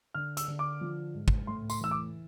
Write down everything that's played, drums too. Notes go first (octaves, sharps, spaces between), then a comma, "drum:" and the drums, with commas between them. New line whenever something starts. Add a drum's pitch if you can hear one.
D3 F6
E6, drum: hi-hat
D3
D6
F3
G#2
drum: kick
A2 C6
C6, drum: tambourine
E3 E6
D6